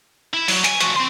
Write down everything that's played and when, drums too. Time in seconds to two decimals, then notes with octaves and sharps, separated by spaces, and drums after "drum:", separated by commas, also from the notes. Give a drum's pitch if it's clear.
0.34 E4
0.48 F#3, drum: open hi-hat
0.64 G#5, drum: hi-hat
0.80 F3 F#4, drum: hi-hat
0.96 C4 C6